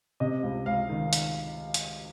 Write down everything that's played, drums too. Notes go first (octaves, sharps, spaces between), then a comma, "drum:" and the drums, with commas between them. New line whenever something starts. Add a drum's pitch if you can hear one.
C3 D#5
C#2
C#2 F5
D#3
drum: hi-hat
drum: hi-hat